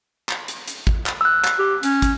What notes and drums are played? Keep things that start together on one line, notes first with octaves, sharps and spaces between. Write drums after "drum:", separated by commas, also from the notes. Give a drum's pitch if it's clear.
drum: clap
drum: hi-hat
drum: hi-hat
drum: kick
drum: clap
E6 F#6
drum: clap
G4
C#4, drum: hi-hat
drum: kick, hi-hat